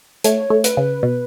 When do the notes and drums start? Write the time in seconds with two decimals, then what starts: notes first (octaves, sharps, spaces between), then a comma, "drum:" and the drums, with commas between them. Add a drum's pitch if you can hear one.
0.24 A3 C#5, drum: hi-hat
0.50 A3
0.64 B4, drum: hi-hat
0.77 C#3
1.03 B2